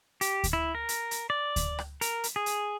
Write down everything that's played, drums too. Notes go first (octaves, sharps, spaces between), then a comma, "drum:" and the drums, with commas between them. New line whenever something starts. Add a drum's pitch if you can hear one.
G4, drum: hi-hat
drum: kick D2, hi-hat
E4
A#4
drum: hi-hat
drum: hi-hat
D5
drum: kick D2, hi-hat
drum: rim click
A#4, drum: hi-hat
drum: hi-hat
G#4
drum: hi-hat